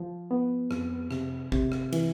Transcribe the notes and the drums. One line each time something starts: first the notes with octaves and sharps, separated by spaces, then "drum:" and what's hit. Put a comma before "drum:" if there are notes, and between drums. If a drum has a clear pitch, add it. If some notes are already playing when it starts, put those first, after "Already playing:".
Already playing: F3
B3
F2, drum: rim click
C3, drum: rim click
C3, drum: kick
drum: rim click
E3, drum: cymbal